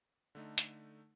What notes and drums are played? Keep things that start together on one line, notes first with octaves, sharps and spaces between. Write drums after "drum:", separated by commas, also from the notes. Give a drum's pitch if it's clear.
D3 A3 D#4
drum: hi-hat